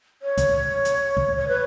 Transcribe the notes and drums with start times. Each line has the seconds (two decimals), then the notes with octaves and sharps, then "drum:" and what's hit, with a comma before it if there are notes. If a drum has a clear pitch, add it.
0.22 C#5
0.37 drum: kick, hi-hat
0.85 drum: hi-hat
1.17 drum: kick
1.37 C#5
1.48 B4